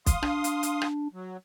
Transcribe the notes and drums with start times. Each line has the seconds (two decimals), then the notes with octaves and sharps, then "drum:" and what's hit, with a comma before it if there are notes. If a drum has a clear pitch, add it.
0.06 F5 C6 D#6, drum: kick, hi-hat
0.23 D4, drum: rim click
0.44 drum: hi-hat
0.63 drum: hi-hat
0.82 drum: rim click
1.13 F#3